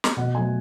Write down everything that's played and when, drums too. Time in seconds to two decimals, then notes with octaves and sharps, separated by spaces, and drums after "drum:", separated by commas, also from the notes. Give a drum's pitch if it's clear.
0.04 drum: snare
0.17 B2 F#5
0.34 F#3 A3 G#5